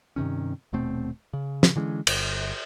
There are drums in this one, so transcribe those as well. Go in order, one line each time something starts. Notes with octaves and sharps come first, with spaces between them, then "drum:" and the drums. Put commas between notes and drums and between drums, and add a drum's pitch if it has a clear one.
G2 C3 D#3 C#4
D#1 B2 A3 C4
C#3
drum: snare
D3 E3 G#3 C#4
G1, drum: cymbal